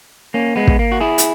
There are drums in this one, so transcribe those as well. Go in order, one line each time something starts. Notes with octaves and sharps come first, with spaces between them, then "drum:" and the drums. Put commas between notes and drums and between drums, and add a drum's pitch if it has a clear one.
A#3 C#4
G#3 B3
drum: kick
A#3
F#4
E4 G#4
drum: hi-hat